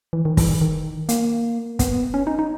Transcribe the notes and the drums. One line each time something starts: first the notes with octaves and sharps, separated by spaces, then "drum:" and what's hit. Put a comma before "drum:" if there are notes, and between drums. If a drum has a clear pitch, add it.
E3
D#3
E3, drum: kick, open hi-hat
D#3
D#3
A#3, drum: hi-hat
B3, drum: kick, hi-hat
C#4
D#4
D#4